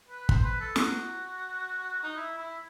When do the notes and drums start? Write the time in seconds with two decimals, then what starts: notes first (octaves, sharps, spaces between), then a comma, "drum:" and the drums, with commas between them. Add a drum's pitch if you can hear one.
0.08 B4
0.29 C5, drum: kick
0.44 B4
0.60 A4
0.76 F#4, drum: snare
2.03 D#4
2.16 E4
2.37 E4